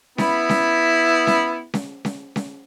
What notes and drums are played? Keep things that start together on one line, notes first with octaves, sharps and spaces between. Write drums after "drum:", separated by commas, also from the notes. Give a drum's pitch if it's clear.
B3 E4, drum: snare C#4
drum: snare C#4
drum: snare C#4
drum: snare C#4
drum: snare C#4
drum: snare C#4